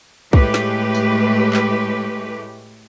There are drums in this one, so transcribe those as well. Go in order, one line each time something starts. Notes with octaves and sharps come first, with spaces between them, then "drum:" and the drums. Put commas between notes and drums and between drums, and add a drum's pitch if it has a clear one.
A2 G#3 A3 G4 B4, drum: kick
drum: snare
drum: tambourine
drum: clap